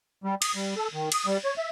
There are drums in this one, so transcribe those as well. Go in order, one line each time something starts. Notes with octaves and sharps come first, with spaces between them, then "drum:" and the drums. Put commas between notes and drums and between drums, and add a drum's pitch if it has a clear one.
G3
D#6, drum: cymbal
G3
A4
D#3
D#6, drum: cymbal
G3
C#5
E5